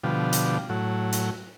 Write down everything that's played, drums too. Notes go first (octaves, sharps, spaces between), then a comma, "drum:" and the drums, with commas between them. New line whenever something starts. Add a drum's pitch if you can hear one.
B2 D3 F3 G3
drum: hi-hat
A2 F#3
drum: hi-hat